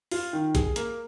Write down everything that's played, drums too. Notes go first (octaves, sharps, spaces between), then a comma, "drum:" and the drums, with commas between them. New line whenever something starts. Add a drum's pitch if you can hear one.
F4, drum: open hi-hat
D#3
G#4, drum: kick, hi-hat
A#3, drum: hi-hat